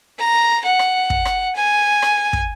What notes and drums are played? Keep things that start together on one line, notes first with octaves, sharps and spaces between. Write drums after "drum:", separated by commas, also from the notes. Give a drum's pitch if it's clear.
A#5
F#5
drum: rim click
drum: kick
drum: rim click
G#5
drum: rim click
drum: kick